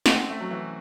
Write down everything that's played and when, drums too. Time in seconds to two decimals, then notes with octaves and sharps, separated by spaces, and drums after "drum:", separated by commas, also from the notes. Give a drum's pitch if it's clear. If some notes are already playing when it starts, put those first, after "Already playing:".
0.06 C4 C#4 G#4 D#5 F#5 C6, drum: snare
0.29 A3
0.40 F#3
0.50 E3